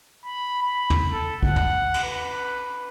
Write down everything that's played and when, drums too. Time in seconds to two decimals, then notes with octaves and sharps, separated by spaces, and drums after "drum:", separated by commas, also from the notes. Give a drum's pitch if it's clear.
0.25 B5
0.62 B5
0.90 drum: tom
1.11 A4
1.43 F#5, drum: kick
1.56 drum: tom
1.94 drum: cymbal
2.04 B4